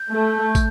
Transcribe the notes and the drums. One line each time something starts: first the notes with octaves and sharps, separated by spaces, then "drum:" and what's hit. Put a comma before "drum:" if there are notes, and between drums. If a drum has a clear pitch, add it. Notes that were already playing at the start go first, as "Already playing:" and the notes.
Already playing: G6
A3
drum: kick, tambourine